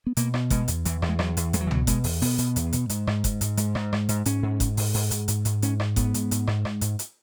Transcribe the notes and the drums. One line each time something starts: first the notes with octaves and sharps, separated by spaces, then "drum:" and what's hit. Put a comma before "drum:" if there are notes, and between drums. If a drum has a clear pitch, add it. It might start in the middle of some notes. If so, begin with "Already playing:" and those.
B3
B2 A#3, drum: hi-hat
B2, drum: rim click
B2 G#3, drum: kick F#1, hi-hat
E2, drum: hi-hat
E2 E3, drum: hi-hat
E2, drum: rim click
G#3
E2 F#3, drum: rim click
E2, drum: hi-hat
E2 G#3, drum: hi-hat
F#3
E3
B2 F#3, drum: tom C2
B2 G#3, drum: kick F#1, hi-hat
E2, drum: open hi-hat
B2 B3, drum: open hi-hat
B2, drum: hi-hat
E2, drum: hi-hat
B2, drum: hi-hat
G#2, drum: hi-hat
G#2, drum: rim click
G#2, drum: kick F#1, hi-hat
G#2, drum: hi-hat
G#2, drum: hi-hat
G#2, drum: rim click
G#2, drum: rim click
G#2, drum: hi-hat
G#2 C#4, drum: hi-hat
G#2
G#2, drum: kick F#1, hi-hat
G#2, drum: open hi-hat
G#2, drum: open hi-hat
G#2, drum: hi-hat
G#2, drum: hi-hat
G#2, drum: hi-hat
G#2 C#4, drum: hi-hat
G#2, drum: rim click
G#2 B3, drum: kick F#1, hi-hat
G#2, drum: hi-hat
G#2, drum: hi-hat
G#2, drum: rim click
G#2, drum: rim click
G#2, drum: hi-hat
drum: hi-hat